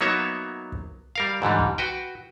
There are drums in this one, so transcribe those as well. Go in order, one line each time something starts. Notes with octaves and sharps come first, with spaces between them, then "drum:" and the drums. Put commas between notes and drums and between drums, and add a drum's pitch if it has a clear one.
F#3 A#3 B3 D#4 C#5 E5
drum: kick
G3 A#4 F5
G#2 D3 E3 G3
drum: kick
F#4 B4 G5